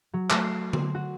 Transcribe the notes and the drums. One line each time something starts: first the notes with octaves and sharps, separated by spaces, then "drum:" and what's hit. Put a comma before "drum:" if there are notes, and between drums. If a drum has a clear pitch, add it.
F#3
A3, drum: clap
C7
C5, drum: tom D3
F#4